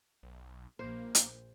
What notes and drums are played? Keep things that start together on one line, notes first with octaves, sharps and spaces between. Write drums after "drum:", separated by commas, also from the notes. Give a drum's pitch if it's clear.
B1
A#1 A#2 A#3 C5
drum: hi-hat